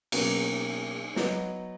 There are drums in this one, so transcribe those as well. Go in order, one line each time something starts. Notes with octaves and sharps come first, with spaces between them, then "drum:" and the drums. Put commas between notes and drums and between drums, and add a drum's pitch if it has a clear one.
B2 F#3 A#3 C#4, drum: cymbal
F#3 B3 D#4, drum: snare